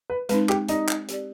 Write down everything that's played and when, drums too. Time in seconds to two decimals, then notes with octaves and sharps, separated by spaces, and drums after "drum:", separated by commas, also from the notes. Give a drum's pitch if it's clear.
0.10 B4
0.29 G#3 C4 D#4 B4, drum: hi-hat
0.49 G4, drum: clap
0.68 C4 D#4 G4 D5, drum: hi-hat
0.89 drum: clap
1.08 C4 G4 D5, drum: hi-hat